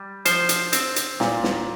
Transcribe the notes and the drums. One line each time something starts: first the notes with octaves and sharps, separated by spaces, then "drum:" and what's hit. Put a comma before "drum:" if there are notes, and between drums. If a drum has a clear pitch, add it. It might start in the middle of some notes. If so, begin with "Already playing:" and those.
Already playing: G3
F3 C5, drum: hi-hat
drum: hi-hat
C4, drum: hi-hat
drum: hi-hat
A#2, drum: snare
drum: snare